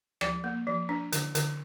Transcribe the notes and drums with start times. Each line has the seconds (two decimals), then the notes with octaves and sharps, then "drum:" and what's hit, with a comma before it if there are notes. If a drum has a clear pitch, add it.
0.21 F3 D5, drum: rim click
0.44 A#3
0.67 F3
0.89 D4
1.12 D3, drum: hi-hat
1.35 D3, drum: hi-hat